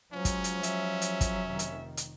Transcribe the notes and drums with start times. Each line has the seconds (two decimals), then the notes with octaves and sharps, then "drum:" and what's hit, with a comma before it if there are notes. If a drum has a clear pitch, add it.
0.13 F3 F#3 G#3 C#4
0.25 drum: kick, hi-hat
0.44 drum: hi-hat
0.63 F#3 E5, drum: hi-hat
1.02 drum: hi-hat
1.21 drum: kick, hi-hat
1.46 F1 D#3
1.59 drum: hi-hat
1.97 drum: hi-hat